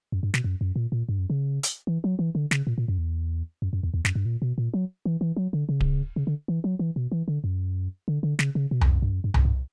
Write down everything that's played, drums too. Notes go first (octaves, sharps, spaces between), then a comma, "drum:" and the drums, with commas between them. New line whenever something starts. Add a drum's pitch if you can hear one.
F#2
G2
B2, drum: snare
F#2
F#2
A#2
A#2
G2
F#2
C#3
drum: hi-hat
E3
F#3
E3
D3
C#3, drum: snare
A#2
A#2
F#2
E2
F#2
F#2
E2
E2
F#2, drum: snare
G2
A#2
B2
A#2
F#3
E3
E3
F#3
D3
C#3
drum: kick D1
C#3
D3
E3
F#3
E3
B2
E3
D3
F#2
D3
D3
C#3, drum: snare
C#3
B2
E2, drum: tom C2
F#2
G2
F#2
G2
G2, drum: tom C2
G2